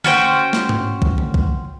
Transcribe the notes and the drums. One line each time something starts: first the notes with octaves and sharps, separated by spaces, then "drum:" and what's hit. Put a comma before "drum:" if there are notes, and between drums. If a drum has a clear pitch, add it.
C#4 F#4 C5 G5, drum: tom D3
drum: snare
drum: tom G#2
drum: kick B1
drum: tom D3
drum: kick B1